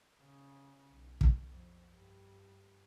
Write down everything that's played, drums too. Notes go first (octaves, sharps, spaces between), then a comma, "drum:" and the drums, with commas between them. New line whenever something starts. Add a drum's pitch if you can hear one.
C#3
B1
drum: kick
F2
G2